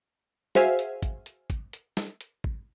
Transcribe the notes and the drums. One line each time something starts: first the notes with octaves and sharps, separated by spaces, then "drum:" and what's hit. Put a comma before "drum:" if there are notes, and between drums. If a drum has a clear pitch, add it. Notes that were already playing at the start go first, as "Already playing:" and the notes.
F#4 G#4 C5 E5 F5 G#5, drum: snare
drum: hi-hat
drum: kick, hi-hat
drum: hi-hat
drum: kick, hi-hat
drum: hi-hat
drum: snare
drum: hi-hat
drum: kick